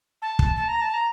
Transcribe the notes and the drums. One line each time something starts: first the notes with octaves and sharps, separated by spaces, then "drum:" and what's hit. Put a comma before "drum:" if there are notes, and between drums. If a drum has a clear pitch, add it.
A5
drum: kick
A5
A#5
A5
A#5